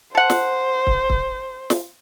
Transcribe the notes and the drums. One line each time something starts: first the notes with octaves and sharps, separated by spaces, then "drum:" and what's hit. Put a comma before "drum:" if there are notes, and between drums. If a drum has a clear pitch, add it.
A4 C5 F#5
drum: snare
drum: kick
drum: kick
drum: snare